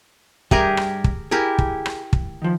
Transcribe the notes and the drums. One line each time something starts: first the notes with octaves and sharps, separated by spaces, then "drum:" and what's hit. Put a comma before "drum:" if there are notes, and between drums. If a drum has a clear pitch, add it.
G2 G4 G#4 A#4 E5 A#5, drum: kick
drum: rim click
drum: kick
E4 G4 G#4 A#4
drum: kick
drum: rim click
drum: kick
D#3 F3